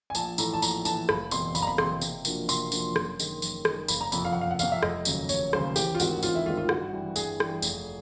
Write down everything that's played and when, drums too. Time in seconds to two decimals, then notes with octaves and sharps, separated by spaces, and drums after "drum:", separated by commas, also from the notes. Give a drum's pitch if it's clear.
0.10 G#5
0.15 A#1 A5, drum: tambourine
0.38 A2 E3 A#5, drum: tambourine
0.53 A5
0.62 A#1 A#5, drum: tambourine
0.85 A2 E3 A5, drum: tambourine
1.09 F#1 B5, drum: rim click
1.31 E2 B2 G#3 C4 C6, drum: tambourine
1.55 F#1 B5, drum: tambourine
1.62 A#5
1.67 B5
1.78 E2 B2 G#3 C4 C6, drum: rim click
2.01 C3, drum: tambourine
2.25 F3 A#3 D4 F#4, drum: tambourine
2.49 C3 C6, drum: tambourine
2.72 F3 A#3 D4 F#4, drum: tambourine
2.96 F#2, drum: rim click
3.20 D#3 G#3, drum: tambourine
3.42 F#2, drum: tambourine
3.65 D#3 G#3, drum: rim click
3.88 F#1 B5, drum: tambourine
4.01 A#5
4.12 F2 C3 B5, drum: tambourine
4.25 F5
4.33 F#1 F#5
4.41 F5
4.51 F#5
4.59 F2 C3 F5, drum: tambourine
4.72 E5
4.83 F1 D#5, drum: rim click
5.05 D#2 C#3 F#3, drum: tambourine
5.29 F1 C#5, drum: tambourine
5.53 D#2 C#3 F#3 C5, drum: rim click
5.76 A1 G4, drum: tambourine
5.95 F4
6.00 G#2 D#3 G#3 C4 F#4, drum: tambourine
6.23 A1 F4, drum: tambourine
6.35 E4
6.46 G#2 D#3 G#3 C4 F4
6.57 F4
6.69 G2 F#4, drum: rim click
6.93 E3 G3
7.16 G2 G#4, drum: tambourine
7.40 E3 G3, drum: rim click
7.62 F1, drum: tambourine